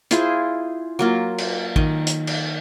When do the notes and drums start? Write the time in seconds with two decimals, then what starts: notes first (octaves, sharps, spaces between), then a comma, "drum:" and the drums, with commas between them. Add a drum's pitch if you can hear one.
0.11 E4 F4 G#4 C5, drum: hi-hat
0.99 F#3 A#3 F4
1.38 drum: cymbal
1.76 D#3, drum: kick
2.07 drum: hi-hat
2.27 drum: cymbal